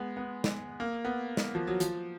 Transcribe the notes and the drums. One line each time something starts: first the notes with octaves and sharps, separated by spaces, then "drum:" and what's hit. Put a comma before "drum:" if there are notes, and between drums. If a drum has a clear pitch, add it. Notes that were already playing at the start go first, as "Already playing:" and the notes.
Already playing: G#3 B3
B3
drum: snare
A#3
B3
drum: snare
F3
F#3
F3, drum: hi-hat